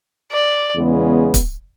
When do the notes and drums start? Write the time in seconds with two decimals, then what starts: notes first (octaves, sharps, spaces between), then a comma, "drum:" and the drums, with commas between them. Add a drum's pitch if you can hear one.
0.32 D5
0.75 E2 C#3 G#3 B3
1.34 drum: kick, hi-hat